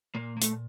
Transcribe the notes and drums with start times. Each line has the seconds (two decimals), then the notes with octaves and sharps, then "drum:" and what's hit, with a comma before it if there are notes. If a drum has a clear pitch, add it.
0.15 A#2 A#3
0.37 A#3
0.42 A3, drum: hi-hat